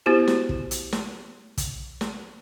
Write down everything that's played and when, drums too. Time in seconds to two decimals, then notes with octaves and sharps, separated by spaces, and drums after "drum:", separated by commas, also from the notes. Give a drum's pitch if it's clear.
0.06 B3 E4 F#4 G4 C5
0.28 drum: snare
0.49 drum: kick
0.71 drum: hi-hat
0.93 drum: snare
1.57 drum: kick, hi-hat
2.01 drum: snare